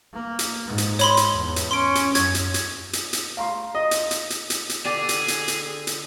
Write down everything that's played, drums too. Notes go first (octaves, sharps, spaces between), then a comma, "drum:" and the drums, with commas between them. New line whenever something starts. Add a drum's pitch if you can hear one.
A#3
drum: hi-hat
G#2
drum: hi-hat
C#5 B5 C6, drum: hi-hat
drum: hi-hat
E2
drum: hi-hat
C#4 C6 D7
drum: hi-hat
F#2 G#6, drum: hi-hat
drum: hi-hat
drum: hi-hat
drum: hi-hat
drum: hi-hat
F5 A#5 C6
D#5
drum: hi-hat
drum: hi-hat
drum: hi-hat
drum: hi-hat
drum: hi-hat
D3 G4 G#4 D5 D6 A6
drum: hi-hat
drum: hi-hat
drum: hi-hat
drum: hi-hat